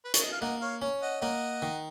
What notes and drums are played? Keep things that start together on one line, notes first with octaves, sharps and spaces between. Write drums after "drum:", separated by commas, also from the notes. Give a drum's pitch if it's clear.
B4
C#5, drum: hi-hat
D#5
F5
A#3 D#5 F#5
C#5 F5
C#4
D#5 F#5
A#3 D#5 F#5
D#3